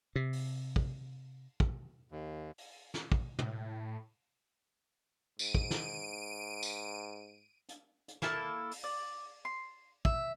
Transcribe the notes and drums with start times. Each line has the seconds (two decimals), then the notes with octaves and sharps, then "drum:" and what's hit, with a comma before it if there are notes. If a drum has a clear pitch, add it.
0.16 C3
0.33 drum: open hi-hat
0.76 drum: kick
1.60 drum: kick
2.12 D#2
2.58 drum: open hi-hat
2.94 drum: snare
3.12 drum: kick
3.39 A2, drum: tom
5.39 G#2 D7 D#7, drum: tambourine
5.55 drum: kick
5.71 drum: snare
6.63 drum: tambourine
7.69 drum: hi-hat
8.08 drum: hi-hat
8.22 A#3 E4 A4 A5, drum: snare
8.71 drum: open hi-hat
8.84 D5
9.45 C6
10.05 E5, drum: kick